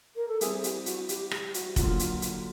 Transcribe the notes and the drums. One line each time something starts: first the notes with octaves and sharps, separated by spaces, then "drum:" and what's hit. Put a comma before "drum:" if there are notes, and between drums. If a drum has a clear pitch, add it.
A#4
A4
G3 C4 E4 G#4, drum: hi-hat
G4, drum: hi-hat
F#4, drum: hi-hat
G4, drum: hi-hat
G4, drum: rim click
F#4, drum: hi-hat
D3 F#3 A#3 F4, drum: kick F1, hi-hat
drum: hi-hat
drum: hi-hat